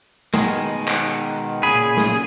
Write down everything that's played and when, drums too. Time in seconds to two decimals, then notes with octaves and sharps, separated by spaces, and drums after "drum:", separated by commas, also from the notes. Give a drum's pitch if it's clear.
0.34 B2 D#3 G#3, drum: snare
0.88 drum: clap
1.63 A#2 C#3 G#4 B5
1.97 drum: snare